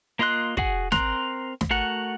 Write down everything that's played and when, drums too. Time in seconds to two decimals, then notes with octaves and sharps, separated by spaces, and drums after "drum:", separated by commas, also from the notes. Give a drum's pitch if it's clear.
0.19 A#3 F4 D#5 C6 F#6
0.57 F#4 G#4 F#5 G#5, drum: kick
0.92 C4 A#4 A#5 C6 F#6, drum: snare
1.61 drum: snare
1.71 A3 F#4 A#4 F#5